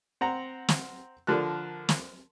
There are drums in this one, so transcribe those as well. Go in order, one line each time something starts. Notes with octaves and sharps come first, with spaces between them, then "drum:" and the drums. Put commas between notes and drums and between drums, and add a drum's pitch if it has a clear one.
C4 F#5 A#5
drum: snare
D3 F3 A#4 F#6
drum: snare